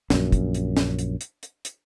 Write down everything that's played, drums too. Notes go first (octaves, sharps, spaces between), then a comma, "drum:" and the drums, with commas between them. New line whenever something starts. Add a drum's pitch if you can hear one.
A#1 F#2, drum: snare
drum: kick, hi-hat
drum: hi-hat
drum: snare
drum: hi-hat
drum: hi-hat
drum: hi-hat
drum: hi-hat